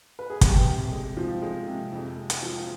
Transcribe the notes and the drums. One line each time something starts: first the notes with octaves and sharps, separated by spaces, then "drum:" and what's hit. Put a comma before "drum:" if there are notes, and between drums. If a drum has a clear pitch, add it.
B4
G#4
C3 G4, drum: kick, hi-hat
C3
G#3
F3
G#3
C3
F2
G#3
drum: hi-hat
F3